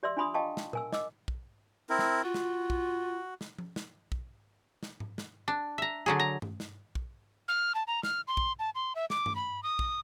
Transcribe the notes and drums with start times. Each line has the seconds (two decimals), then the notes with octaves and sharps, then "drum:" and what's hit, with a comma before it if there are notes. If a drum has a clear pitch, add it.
0.03 G4 D5 E5 C6 E6
0.17 D4 F4 G#5 B5 C6 D#6
0.34 D#5 F5 G5 A5 C#6
0.57 drum: snare
0.73 A#4 G#5 E6, drum: tom A#2
0.93 D#5 D6 E6, drum: snare
1.28 drum: kick
1.90 C4 E4 A#4
1.99 drum: snare
2.23 F4 F#4
2.34 drum: snare
2.70 drum: kick
3.41 drum: snare
3.58 drum: tom F3
3.76 drum: snare
4.12 drum: kick
4.83 drum: snare
5.00 drum: tom G#2
5.18 drum: snare
5.48 D4
5.78 E5 A#5
6.06 D3 F#3 G#4
6.20 A#5
6.42 drum: tom G2
6.60 drum: snare
6.95 drum: kick
7.48 F6
7.75 A5
7.87 A#5
8.03 F6, drum: snare
8.28 C6
8.37 drum: kick
8.59 A5
8.75 C6
8.95 E5
9.10 D6, drum: snare
9.26 drum: tom G2
9.35 B5
9.63 D#6
9.79 drum: kick